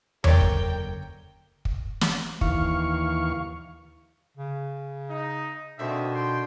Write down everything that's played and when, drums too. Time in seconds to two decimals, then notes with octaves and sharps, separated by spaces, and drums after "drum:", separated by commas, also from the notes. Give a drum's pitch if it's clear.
0.24 F#1 D3 A#4 C#5 D5 G5, drum: tom E2
0.41 drum: kick
1.65 drum: kick
2.01 drum: snare
2.41 D#2 E3 F5 C#6, drum: kick
4.37 C#3
5.10 D#4
5.79 B2 D3 D#3 C4 C5 D#5 E5
6.13 G5 C6